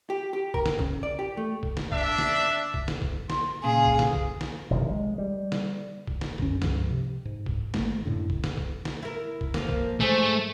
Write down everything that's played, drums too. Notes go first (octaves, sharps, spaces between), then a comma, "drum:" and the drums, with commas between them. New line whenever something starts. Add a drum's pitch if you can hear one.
G4
G4
A#4, drum: kick
drum: snare
C#3, drum: kick
D5
G4
A3
drum: kick
drum: snare
D4 E5, drum: kick
drum: snare
drum: kick
drum: snare
drum: kick
C6, drum: snare
A#2 C#3 G#4 F5
drum: kick
drum: snare
drum: kick
drum: snare
F1 B1 C3 D#3
G#3
G3
drum: snare
drum: kick
drum: snare
F#2 D3 C4 C#4, drum: kick
C#2 G2 F3, drum: snare
C3
G#2
drum: kick
G#1 E2 A3 A#3, drum: snare
F#2 A2 D3
drum: kick
drum: snare
drum: kick
drum: snare
E4 A#4
drum: kick
F3 A#3, drum: snare
drum: kick
G#2 A3 G#4 C5